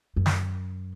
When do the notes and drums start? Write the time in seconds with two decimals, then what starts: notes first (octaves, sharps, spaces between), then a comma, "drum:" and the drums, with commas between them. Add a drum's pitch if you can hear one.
0.16 F#2
0.26 drum: snare